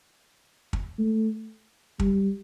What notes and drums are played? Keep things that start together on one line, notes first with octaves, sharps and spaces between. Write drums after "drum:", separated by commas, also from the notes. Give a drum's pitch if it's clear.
drum: kick
A3
G3, drum: kick